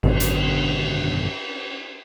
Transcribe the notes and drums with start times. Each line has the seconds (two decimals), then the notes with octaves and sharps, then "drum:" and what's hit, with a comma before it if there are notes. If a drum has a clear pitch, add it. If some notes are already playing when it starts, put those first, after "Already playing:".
0.03 G#1 F#2 B2 D3, drum: cymbal
0.20 drum: hi-hat